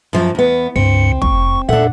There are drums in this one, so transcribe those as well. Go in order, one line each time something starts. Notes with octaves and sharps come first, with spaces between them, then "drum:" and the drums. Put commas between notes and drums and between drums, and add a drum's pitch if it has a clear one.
F#2 F3
E2 B3
C#2 G2 C4 C#7
F2 A3 C#6, drum: kick
F2 A#2 D4 A4 E5 F#5